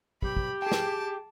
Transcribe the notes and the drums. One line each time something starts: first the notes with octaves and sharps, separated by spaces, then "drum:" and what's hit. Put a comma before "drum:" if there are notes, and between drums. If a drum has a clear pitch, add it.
B1 G4 B5, drum: kick
drum: kick
G#4 G5 A5 D6
drum: snare